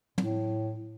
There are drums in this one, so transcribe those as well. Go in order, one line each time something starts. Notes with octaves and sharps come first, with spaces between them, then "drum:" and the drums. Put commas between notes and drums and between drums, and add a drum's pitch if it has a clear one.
A2, drum: tom